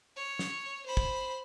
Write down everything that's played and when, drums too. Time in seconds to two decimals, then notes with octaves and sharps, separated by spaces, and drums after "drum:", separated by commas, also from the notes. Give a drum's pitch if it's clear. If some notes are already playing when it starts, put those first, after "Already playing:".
0.17 C#5
0.39 drum: snare
0.86 C5 B5
0.97 drum: kick